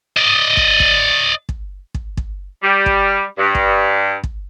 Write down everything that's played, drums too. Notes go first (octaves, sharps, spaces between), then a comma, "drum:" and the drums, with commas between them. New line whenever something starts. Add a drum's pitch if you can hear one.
D5 D#5
drum: kick
drum: kick
drum: kick
drum: kick
drum: kick
G3
drum: kick
G2
drum: kick
drum: kick